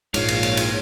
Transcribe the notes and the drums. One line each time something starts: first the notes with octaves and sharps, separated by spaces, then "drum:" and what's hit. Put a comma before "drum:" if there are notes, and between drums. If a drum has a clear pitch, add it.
A#1 G#2 C#5 F5, drum: cymbal
drum: cymbal
drum: cymbal
drum: cymbal